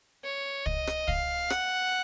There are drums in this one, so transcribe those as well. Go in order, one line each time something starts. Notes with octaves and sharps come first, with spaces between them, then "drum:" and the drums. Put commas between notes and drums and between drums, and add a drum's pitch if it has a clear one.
C#5
D#5, drum: kick
drum: rim click
F5, drum: kick
F#5, drum: rim click